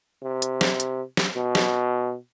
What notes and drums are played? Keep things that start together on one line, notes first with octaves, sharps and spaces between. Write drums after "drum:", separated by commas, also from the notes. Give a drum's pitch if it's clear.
C3
drum: hi-hat
drum: snare
drum: hi-hat
drum: snare
B2
drum: snare